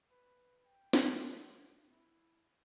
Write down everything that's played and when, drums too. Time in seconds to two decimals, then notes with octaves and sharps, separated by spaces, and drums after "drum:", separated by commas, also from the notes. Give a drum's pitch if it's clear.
0.11 B4
0.66 G5
0.93 drum: snare
1.17 F#4
1.90 E4